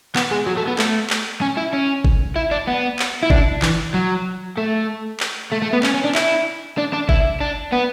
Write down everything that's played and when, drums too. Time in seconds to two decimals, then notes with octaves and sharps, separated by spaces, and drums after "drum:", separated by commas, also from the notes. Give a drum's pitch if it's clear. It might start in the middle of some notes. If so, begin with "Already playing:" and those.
0.16 B3, drum: clap
0.31 G#3
0.47 F#3
0.57 A3
0.68 B3
0.79 A3, drum: clap
1.10 drum: clap
1.41 C#4
1.57 E4
1.73 C#4
2.05 drum: kick G1
2.36 E4
2.51 D4
2.67 B3
2.99 drum: clap
3.23 E4
3.30 D4, drum: kick G1
3.62 E3, drum: clap
3.94 F#3
4.57 A3
5.20 drum: clap
5.52 A3
5.62 A3
5.73 B3
5.83 C#4, drum: clap
5.94 C#4
6.04 D4
6.15 E4, drum: clap
6.78 D4
6.93 D4
7.09 E4, drum: kick G1
7.41 D4
7.73 B3